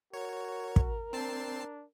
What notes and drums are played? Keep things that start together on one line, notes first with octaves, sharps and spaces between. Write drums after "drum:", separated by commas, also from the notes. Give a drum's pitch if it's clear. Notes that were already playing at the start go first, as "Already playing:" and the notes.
F#4 A#4 C#5
drum: kick
C4 D4 A5 C7